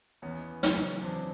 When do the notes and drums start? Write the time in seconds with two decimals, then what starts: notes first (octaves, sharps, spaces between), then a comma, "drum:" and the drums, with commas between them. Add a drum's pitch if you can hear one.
0.22 E2 B3 C#4
0.63 C#3 F#3, drum: snare
1.03 E2 C4 D4